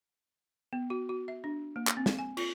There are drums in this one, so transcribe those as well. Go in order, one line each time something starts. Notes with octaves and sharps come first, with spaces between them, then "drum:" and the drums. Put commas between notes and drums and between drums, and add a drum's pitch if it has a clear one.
B3
F#4
F#4
E5
D4
A#3
drum: clap
C4
drum: snare
G#5
F4, drum: cymbal